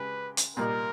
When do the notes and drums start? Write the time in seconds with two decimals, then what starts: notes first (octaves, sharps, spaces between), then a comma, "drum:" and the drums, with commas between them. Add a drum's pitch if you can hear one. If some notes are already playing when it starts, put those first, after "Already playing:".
Already playing: C#3 G#3 G4 B4
0.37 drum: hi-hat
0.57 A#2 G3 A#3 D#4 A#4